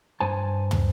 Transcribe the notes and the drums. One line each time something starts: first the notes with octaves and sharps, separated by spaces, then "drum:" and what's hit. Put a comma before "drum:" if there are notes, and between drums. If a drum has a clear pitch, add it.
G2 C5 G#5 A5
drum: tom